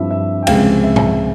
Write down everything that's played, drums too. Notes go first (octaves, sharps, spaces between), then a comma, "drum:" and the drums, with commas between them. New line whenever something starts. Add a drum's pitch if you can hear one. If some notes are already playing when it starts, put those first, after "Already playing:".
Already playing: G2 F3 C4 E4 E5
E5
G5
C#2 C3 F3 G#3 C4 F5, drum: cymbal
E5
drum: tom A2